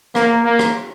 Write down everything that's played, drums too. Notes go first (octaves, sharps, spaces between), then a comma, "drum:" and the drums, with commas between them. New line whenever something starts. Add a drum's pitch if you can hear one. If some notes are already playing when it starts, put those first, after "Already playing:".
A#3, drum: rim click
A#3
drum: rim click